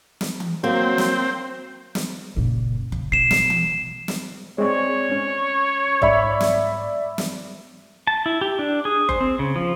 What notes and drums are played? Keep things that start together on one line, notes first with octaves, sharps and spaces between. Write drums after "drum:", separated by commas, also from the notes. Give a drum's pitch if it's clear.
drum: snare
drum: tom E3
F#3 A#3 C4
drum: snare
drum: snare
F#1 A#2
C#3, drum: kick F#1
B2 C7 E7
drum: snare
drum: tom E3
drum: snare
G#3 C4 C#5 D5
C#4
G#2 D5 E5 B5, drum: kick F#1
drum: snare
drum: snare
A5
E4
G4
D4
G#4
C5, drum: kick F#1
C4
C#3
F3